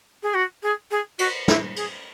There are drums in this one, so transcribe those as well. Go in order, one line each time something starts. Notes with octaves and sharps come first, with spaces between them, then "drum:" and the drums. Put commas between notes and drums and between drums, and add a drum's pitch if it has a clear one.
G#4
F#4
G#4
G#4
F#4, drum: cymbal
E4, drum: snare
G#4, drum: cymbal